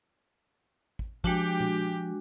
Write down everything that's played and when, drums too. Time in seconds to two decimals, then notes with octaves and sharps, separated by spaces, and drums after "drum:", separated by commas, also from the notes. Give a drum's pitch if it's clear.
0.99 drum: kick
1.24 F3 G#3 D4 F#4 G4 G5, drum: kick
1.60 drum: tom A#2